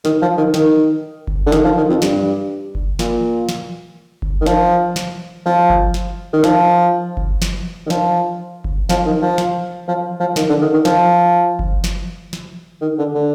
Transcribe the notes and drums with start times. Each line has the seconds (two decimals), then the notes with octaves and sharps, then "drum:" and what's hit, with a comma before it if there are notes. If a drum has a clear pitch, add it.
0.05 D#3, drum: snare
0.22 F3
0.37 D#3
0.54 D#3, drum: snare
1.27 drum: kick F#1
1.46 D3
1.52 D#3, drum: snare
1.64 F3
1.77 D#3
1.89 F2
2.02 G2, drum: snare
2.75 drum: kick F#1
2.99 A#2, drum: snare
3.49 drum: snare
4.22 drum: kick F#1
4.41 D#3
4.46 F3, drum: snare
4.96 drum: snare
5.45 F3
5.70 drum: kick F#1
5.94 drum: snare
6.33 D#3
6.44 F3, drum: snare
7.17 drum: kick F#1
7.42 drum: snare
7.86 D#3
7.90 F3, drum: snare
8.64 drum: kick F#1
8.89 F3, drum: snare
9.05 D#3
9.22 F3
9.38 drum: snare
9.88 F3
10.20 F3
10.36 D#3, drum: snare
10.49 D3
10.61 D#3
10.73 D#3
10.85 F3, drum: snare
11.59 drum: kick F#1
11.84 drum: snare
12.33 drum: snare
12.81 D#3
12.98 D3
13.15 D3